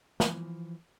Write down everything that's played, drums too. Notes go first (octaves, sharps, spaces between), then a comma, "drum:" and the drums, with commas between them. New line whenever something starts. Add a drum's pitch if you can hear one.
E3 F3, drum: snare